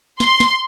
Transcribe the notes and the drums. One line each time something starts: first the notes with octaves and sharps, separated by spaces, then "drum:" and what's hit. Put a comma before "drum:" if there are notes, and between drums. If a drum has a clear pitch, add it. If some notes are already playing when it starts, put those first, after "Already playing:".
C6, drum: snare
drum: snare